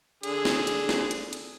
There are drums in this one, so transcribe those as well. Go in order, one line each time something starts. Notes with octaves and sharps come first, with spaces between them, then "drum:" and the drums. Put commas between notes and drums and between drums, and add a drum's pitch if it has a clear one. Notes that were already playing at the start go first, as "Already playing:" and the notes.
D3 G#4, drum: hi-hat
drum: snare
drum: hi-hat
drum: snare
drum: hi-hat
drum: hi-hat